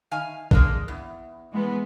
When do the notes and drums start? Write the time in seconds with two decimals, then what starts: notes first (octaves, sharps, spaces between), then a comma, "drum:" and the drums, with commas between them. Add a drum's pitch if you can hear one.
0.11 D#3 F5 G#5
0.51 G#3 A#3 D4, drum: kick
0.88 E2
1.52 E3 G#3 B3